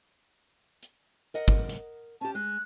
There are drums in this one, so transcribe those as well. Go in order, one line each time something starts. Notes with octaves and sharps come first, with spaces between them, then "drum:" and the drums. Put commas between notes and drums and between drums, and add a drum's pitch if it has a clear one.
drum: hi-hat
A#4 D#5 F#5
drum: kick G1
drum: hi-hat
C#4 G4 A5
G#3 F#6